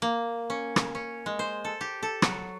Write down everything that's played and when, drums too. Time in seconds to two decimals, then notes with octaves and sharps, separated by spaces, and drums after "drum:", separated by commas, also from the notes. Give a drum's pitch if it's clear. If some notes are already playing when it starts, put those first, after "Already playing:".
0.02 A#3
0.50 C#4
0.76 drum: rim click
0.95 C#4
1.26 G#3
1.39 C5
1.64 A4
1.81 G4
2.03 A4
2.22 F#3, drum: rim click